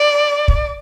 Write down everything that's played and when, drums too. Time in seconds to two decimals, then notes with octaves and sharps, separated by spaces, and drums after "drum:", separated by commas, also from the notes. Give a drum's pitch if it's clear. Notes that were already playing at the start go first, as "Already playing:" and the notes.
Already playing: D5
0.48 drum: kick